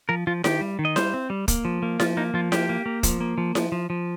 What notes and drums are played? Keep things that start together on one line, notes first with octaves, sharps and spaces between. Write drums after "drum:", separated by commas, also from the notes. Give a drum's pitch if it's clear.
F3 A#4
F3 F4
D#3 G4, drum: snare E4
G3
D#3
D#5
G3 C5, drum: snare E4
C4
G3
A#3, drum: kick, hi-hat
F3
A#3
F3 F4, drum: snare E4
A#3 D#4
F3 F4
A#3 G4, drum: snare E4
A#3
A#3
F3, drum: kick, hi-hat
A#3
F3
F3, drum: snare E4
F3
F3